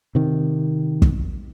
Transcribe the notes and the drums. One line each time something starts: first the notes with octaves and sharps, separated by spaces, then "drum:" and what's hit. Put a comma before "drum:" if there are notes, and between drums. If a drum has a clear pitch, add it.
C3 D#3
drum: kick